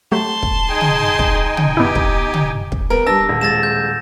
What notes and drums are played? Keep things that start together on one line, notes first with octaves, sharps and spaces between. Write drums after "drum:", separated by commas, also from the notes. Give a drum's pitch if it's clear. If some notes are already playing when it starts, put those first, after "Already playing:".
F#3 A3 G4 A5 C6
drum: kick
D#4 G#4 G5 G#5
drum: tom
drum: kick
drum: tom
B3 E4 G4
drum: kick
drum: tom
drum: kick
B3 A#4
G3 D4 A5 E6 A#6
D#1
A2 F3 G#3 A6 A#6 E7
G6